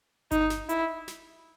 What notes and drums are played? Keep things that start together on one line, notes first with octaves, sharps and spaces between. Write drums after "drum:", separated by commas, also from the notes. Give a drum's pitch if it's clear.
D#4, drum: kick G1, hi-hat
drum: snare
E4, drum: hi-hat
drum: snare